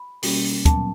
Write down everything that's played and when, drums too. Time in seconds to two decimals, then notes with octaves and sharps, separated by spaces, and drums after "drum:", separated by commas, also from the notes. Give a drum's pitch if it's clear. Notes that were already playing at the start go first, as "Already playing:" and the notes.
Already playing: B5
0.23 B2 G3 A#3 C#4, drum: open hi-hat
0.65 A#2 F#3 B3 A5, drum: kick, hi-hat